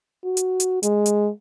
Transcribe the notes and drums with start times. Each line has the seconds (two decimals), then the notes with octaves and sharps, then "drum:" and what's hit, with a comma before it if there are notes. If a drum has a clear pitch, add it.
0.24 F#4
0.37 drum: hi-hat
0.60 drum: hi-hat
0.83 G#3, drum: hi-hat
1.06 drum: hi-hat